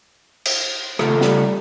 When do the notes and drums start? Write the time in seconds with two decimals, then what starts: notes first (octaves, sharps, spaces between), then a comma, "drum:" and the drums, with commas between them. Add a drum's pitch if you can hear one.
0.45 drum: cymbal
0.99 C#3 A3 F4 A4, drum: rim click
1.21 G3, drum: snare